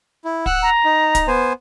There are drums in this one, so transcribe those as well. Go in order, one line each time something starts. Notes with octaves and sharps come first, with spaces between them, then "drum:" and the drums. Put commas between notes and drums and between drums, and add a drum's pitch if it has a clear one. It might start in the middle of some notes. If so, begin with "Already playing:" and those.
E4
F#5 E6 F#6, drum: kick
A#5
D#4
drum: kick, hi-hat
B3 C5 G#5